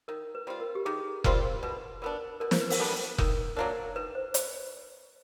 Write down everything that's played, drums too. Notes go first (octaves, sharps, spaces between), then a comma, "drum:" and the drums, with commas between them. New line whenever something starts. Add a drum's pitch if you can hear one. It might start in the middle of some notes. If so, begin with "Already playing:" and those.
D#3 A#4
B4
G3 C4 F4
A#4
G4
D#3 G#4
G3 C4 F4 A#4, drum: kick F1
B2 B4
G3 B3 D4 A#4
B2 A#4
C5, drum: snare
B4
A#4, drum: open hi-hat
G3 B3 D4 A4
D#3 A#4, drum: kick F1
F#3 A#3 D4 A#4
D#3 B4
C5
drum: hi-hat